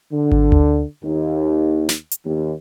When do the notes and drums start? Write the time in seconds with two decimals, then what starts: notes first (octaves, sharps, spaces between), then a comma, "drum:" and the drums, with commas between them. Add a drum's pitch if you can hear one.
0.13 D3
0.32 drum: kick G#1
0.52 drum: tom D2
1.03 D#2
1.89 drum: snare
2.11 drum: hi-hat
2.25 D#2